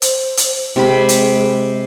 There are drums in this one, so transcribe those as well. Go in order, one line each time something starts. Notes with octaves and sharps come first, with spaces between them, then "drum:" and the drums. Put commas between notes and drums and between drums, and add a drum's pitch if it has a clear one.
C5, drum: hi-hat
drum: hi-hat
C3 G#3 G4 B5
drum: hi-hat